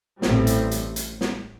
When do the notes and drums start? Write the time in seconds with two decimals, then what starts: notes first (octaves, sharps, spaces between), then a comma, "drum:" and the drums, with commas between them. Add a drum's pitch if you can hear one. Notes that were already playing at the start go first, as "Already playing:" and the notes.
0.22 A1 A2 G3 C4, drum: snare
0.47 drum: hi-hat
0.71 drum: hi-hat
0.96 drum: hi-hat
1.21 drum: snare